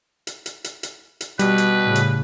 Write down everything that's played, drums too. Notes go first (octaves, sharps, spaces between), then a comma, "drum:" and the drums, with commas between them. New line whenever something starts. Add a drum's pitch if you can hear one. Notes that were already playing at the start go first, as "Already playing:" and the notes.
drum: hi-hat
drum: hi-hat
drum: hi-hat
drum: hi-hat
drum: hi-hat
B2 G3 B4, drum: hi-hat
drum: hi-hat
A2 C#3
drum: hi-hat